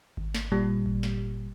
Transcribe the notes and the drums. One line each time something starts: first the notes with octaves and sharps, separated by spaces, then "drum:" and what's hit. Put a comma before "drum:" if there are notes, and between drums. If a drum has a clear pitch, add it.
drum: kick G#1
drum: snare
A#2 G3
drum: kick G#1
drum: snare